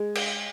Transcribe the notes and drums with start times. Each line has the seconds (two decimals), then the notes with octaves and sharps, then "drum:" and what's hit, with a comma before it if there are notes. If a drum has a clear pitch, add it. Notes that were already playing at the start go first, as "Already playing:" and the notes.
Already playing: G#3
0.15 drum: cymbal